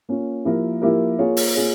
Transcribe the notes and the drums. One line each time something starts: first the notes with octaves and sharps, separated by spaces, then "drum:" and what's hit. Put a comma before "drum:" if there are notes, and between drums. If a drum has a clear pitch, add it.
A#3 C#4 F4
F3 A#3 E4 G4 A#4
F3 A#3 E4 G4 A#4
A#3 F4 G#4 C#5
drum: open hi-hat
A#3 F4 G#4 C#5